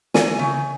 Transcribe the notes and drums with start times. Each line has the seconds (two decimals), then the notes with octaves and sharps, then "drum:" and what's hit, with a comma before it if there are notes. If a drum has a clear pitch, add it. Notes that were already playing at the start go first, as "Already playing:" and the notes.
0.14 E3 G#5, drum: snare
0.39 C#3